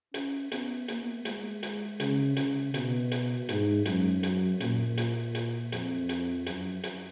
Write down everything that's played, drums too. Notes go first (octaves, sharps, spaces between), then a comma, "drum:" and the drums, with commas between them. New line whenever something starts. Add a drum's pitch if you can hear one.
C#4, drum: hi-hat
B3, drum: hi-hat
A#3, drum: hi-hat
G#3, drum: hi-hat
drum: hi-hat
C#3, drum: hi-hat
C#3, drum: hi-hat
B2, drum: hi-hat
drum: hi-hat
G#2, drum: hi-hat
F#2, drum: hi-hat
drum: hi-hat
A#2, drum: hi-hat
drum: hi-hat
drum: hi-hat
F2, drum: hi-hat
drum: hi-hat
F#2, drum: hi-hat
drum: hi-hat